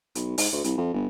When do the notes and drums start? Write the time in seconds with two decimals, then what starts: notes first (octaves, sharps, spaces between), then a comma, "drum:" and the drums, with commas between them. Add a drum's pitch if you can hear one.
0.15 B1, drum: hi-hat
0.38 G#2, drum: open hi-hat
0.53 D2
0.64 C2, drum: hi-hat
0.77 F2
0.94 G1